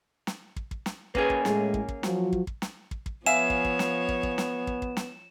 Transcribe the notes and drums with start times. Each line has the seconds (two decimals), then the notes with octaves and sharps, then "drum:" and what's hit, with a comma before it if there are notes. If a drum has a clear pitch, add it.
0.27 drum: snare
0.56 drum: kick
0.71 drum: kick
0.86 drum: snare
1.15 A#3 C#4 G#4 B4, drum: kick
1.30 drum: kick
1.45 A2 G#3, drum: snare
1.74 drum: kick
1.88 drum: kick
2.03 F3 F#3, drum: snare
2.32 drum: kick
2.47 drum: kick
2.62 drum: snare
2.91 drum: kick
3.06 drum: kick
3.26 F3 B3 C#5 E5 F5 G#5 E7
3.50 drum: kick
3.65 drum: kick
3.79 drum: snare
4.09 drum: kick
4.23 drum: kick
4.38 drum: snare
4.67 drum: kick
4.82 drum: kick
4.97 drum: snare